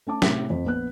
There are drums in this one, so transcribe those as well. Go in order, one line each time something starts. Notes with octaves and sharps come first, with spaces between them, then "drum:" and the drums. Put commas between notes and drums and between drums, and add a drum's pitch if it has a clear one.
A3 C#4 A5 D6
A2 C3 E5 D6 B6, drum: snare
F2
A#1 B3 F#6